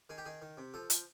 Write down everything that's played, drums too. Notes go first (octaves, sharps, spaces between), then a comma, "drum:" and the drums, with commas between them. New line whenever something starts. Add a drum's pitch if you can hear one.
D#3 G#4
G4
D#3 G#4
D#3
C3
F3 A4
F3, drum: hi-hat